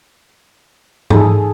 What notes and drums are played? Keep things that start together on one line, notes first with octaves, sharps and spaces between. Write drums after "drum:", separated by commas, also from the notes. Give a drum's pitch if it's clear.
E3 D#4 G#4 A4, drum: tom G#2